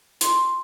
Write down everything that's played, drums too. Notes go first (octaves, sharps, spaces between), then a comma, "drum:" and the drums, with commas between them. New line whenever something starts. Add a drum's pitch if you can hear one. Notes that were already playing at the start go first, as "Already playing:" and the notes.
C6, drum: hi-hat